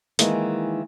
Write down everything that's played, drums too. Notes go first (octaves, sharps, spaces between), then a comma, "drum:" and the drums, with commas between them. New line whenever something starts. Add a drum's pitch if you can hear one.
D#3 E3 G#3 A#3, drum: hi-hat